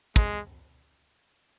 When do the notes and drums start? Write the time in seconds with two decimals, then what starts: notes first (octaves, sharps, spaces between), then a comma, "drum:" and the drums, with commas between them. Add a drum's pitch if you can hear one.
0.16 G#3, drum: kick